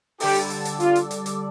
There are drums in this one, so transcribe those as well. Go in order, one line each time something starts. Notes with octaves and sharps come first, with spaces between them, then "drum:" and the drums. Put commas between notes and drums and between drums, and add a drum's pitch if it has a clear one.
D3 G3 D4 G4 A4 D5, drum: open hi-hat
drum: hi-hat
drum: hi-hat
drum: hi-hat
F4, drum: hi-hat
drum: hi-hat
drum: hi-hat
drum: hi-hat